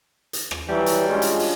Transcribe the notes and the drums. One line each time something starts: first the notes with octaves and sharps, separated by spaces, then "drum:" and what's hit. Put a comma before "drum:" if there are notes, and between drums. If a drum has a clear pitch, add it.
drum: hi-hat
drum: rim click
E3 F#3 G3 F#4 A5
drum: hi-hat
G#3 C#4 D4 F4
drum: hi-hat
drum: open hi-hat